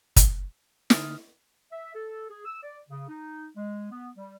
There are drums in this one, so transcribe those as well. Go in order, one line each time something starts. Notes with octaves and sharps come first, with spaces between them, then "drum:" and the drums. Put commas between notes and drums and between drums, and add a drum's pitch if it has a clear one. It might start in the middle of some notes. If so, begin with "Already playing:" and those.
drum: kick, hi-hat
D3 D#4 D#6 F6, drum: snare
E5
A4
G#4
E6
D5
C#3
D#4
G#3
B3
G3